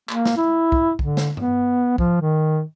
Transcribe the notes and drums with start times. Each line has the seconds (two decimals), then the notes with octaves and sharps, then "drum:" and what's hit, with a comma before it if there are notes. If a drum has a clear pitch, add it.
0.09 A#3, drum: clap
0.26 drum: snare
0.37 E4
0.72 drum: kick
0.99 D3, drum: kick
1.17 drum: snare
1.37 B3, drum: tom G2
1.98 F3, drum: kick
2.21 D#3